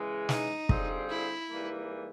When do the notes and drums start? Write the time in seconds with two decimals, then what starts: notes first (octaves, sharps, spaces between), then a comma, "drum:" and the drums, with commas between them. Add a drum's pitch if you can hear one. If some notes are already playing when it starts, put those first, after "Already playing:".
Already playing: C#3 E3 G#3
0.29 D#4, drum: snare
0.69 D3 G3 C4 F4 G#4, drum: kick
1.09 E4
1.50 G#2 E3 G3 A#3